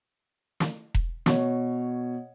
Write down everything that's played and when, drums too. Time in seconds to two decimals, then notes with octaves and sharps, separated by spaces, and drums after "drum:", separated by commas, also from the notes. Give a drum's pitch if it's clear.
0.60 drum: snare
0.94 drum: kick E1
1.26 B2 C#5, drum: snare